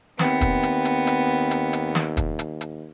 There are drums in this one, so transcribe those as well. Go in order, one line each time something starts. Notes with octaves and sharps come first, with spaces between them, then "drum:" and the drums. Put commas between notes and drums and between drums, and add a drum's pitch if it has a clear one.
D#2 B3 C4, drum: snare
drum: kick, hi-hat
drum: hi-hat
drum: hi-hat
drum: hi-hat
drum: hi-hat
drum: hi-hat
drum: snare
drum: kick, hi-hat
drum: hi-hat
drum: hi-hat